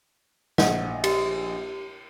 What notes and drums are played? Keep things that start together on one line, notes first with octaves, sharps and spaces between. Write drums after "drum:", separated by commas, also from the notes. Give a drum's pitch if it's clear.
A#1 D#5 F#5, drum: snare
G4, drum: cymbal